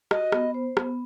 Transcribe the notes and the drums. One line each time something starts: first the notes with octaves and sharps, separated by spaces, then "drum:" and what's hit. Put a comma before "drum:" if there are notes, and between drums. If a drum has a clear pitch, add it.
F#4 D#5, drum: rim click
B3, drum: rim click
C5
B3, drum: rim click